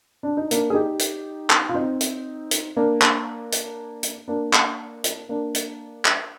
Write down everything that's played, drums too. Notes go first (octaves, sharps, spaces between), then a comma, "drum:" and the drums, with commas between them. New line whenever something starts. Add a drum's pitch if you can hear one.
D4
D#4
A#3 D4, drum: hi-hat
G#4
D#4 G4
drum: hi-hat
drum: clap
F4
C4 D#4
drum: hi-hat
drum: hi-hat
A#3 D4
drum: clap
drum: hi-hat
drum: hi-hat
A#3 D4
drum: clap
drum: hi-hat
A#3 D4
drum: hi-hat
drum: clap